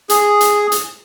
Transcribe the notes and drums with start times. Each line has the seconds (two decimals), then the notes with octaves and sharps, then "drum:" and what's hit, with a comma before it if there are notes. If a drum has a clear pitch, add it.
0.10 G#4, drum: hi-hat
0.41 drum: hi-hat
0.72 drum: hi-hat